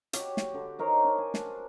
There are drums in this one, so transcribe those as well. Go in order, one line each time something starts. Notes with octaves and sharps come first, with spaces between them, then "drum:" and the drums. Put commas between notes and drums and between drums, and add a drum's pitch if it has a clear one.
F#4 G4 C#5, drum: hi-hat
drum: snare
D3
D#4 A#4 C5 C#5
D4
G#5
D4, drum: snare